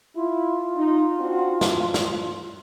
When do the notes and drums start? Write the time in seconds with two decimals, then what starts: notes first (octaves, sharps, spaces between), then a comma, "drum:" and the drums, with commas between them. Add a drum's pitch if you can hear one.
0.15 E4 F4
0.75 D#4
1.18 C4 D4 F#4
1.61 G2 F3, drum: snare
1.94 drum: snare